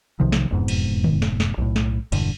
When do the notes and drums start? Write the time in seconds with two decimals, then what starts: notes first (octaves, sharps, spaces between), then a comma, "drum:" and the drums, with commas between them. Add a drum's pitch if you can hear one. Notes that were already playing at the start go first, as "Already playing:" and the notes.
0.20 B1 C3 D#3 F3
0.32 drum: snare
0.51 E1 F2 G#2 B2
0.68 drum: cymbal
1.04 drum: tom D3
1.22 drum: snare
1.40 drum: snare
1.58 B1 A2
1.76 drum: snare
2.12 E1 G2 D3, drum: cymbal